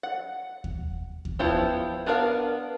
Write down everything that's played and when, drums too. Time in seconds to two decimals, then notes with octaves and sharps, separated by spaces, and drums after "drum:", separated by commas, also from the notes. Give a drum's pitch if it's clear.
0.03 F#5
0.64 drum: kick D#2
1.25 drum: kick D#2
1.39 F3 B3 E4 F4 G4
2.06 B3 D4 A#4 C5 F5